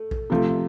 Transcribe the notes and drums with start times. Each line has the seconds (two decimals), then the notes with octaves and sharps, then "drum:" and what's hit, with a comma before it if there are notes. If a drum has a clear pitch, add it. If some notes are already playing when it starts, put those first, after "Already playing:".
Already playing: A3
0.11 drum: kick A#1
0.30 C3 F3 A3